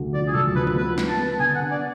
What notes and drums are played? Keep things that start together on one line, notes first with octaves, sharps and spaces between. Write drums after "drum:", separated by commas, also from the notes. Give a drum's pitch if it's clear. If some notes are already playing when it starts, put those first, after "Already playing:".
Already playing: D2
F3 D5
G#4
D2 A4
F3 B4
drum: tom
B3 B4
B3, drum: snare
A5
B3
D3 G#5
F#5
B3
D5